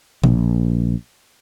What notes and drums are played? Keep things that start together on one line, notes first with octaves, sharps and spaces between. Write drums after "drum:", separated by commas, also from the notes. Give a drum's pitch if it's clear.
A#1, drum: tom